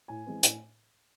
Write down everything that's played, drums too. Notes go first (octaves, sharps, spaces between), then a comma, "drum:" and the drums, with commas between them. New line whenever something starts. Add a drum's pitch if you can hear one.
A2 G#5
E3 G#3 C4
A2, drum: hi-hat